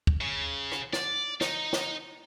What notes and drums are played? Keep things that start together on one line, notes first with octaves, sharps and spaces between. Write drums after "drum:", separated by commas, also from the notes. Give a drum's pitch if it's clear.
drum: kick
C#3
drum: rim click
D5, drum: snare
D#4, drum: snare
drum: snare